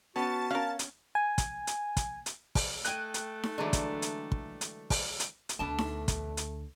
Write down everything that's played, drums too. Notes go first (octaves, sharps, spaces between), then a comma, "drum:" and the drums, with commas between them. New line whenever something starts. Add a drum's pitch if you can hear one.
B3 C#4 F#4 A5 A6
C#4 A#4 F5
drum: hi-hat
G#5
drum: kick, hi-hat
drum: hi-hat
drum: kick, hi-hat
drum: hi-hat
drum: kick, open hi-hat
A3 D#5 G5 G#5 F#6, drum: hi-hat
drum: hi-hat
drum: snare D#4
D3 E3 F#3 G#3 D4
drum: kick, hi-hat
drum: hi-hat
drum: kick
drum: hi-hat
drum: kick, open hi-hat
drum: hi-hat
drum: hi-hat
D2 B2 D3 A3 D4 A5
drum: snare D#4
drum: kick, hi-hat
drum: hi-hat